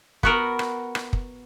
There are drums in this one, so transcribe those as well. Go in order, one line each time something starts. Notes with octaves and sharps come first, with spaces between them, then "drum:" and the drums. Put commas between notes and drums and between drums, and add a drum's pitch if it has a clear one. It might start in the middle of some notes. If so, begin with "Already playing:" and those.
B3 F#4 A#4, drum: kick
drum: rim click
drum: rim click
drum: kick